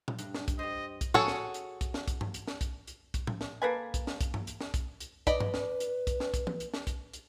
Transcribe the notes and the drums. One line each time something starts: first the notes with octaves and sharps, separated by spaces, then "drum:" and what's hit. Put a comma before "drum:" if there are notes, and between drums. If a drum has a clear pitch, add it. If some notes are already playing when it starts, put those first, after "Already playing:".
drum: tom A#2
G2, drum: hi-hat
drum: snare
drum: kick, hi-hat
G4 C5 D#5
drum: kick, hi-hat
F#4 G#4 A4 C#5, drum: tom A2
drum: snare
drum: hi-hat
drum: kick, hi-hat
drum: snare
drum: kick, hi-hat
drum: tom G2
drum: hi-hat
drum: snare
drum: kick, hi-hat
drum: hi-hat
drum: kick, hi-hat
drum: tom A2
drum: snare
A#3 A4 B4 G#5
drum: kick, hi-hat
drum: snare
drum: kick, hi-hat
drum: tom G2
drum: hi-hat
drum: snare
drum: kick, hi-hat
drum: hi-hat
B4 D5 D#5 B5, drum: kick, hi-hat
drum: tom G2
drum: snare
drum: hi-hat
drum: kick, hi-hat
drum: snare
drum: kick, hi-hat
drum: tom
drum: hi-hat
drum: snare
drum: kick, hi-hat
drum: hi-hat